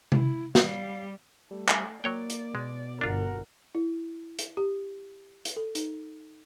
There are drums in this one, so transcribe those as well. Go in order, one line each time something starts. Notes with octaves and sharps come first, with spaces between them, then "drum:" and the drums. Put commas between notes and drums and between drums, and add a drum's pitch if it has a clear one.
E4, drum: tom C3
G3 G4 F5, drum: snare
G3 A3
drum: clap
F#3 A#3 C#5 D5 G5
drum: hi-hat
B2 G#3
G1 D4 F4 A#4 F#5
E4
drum: hi-hat
G4
drum: hi-hat
A4
D#4, drum: hi-hat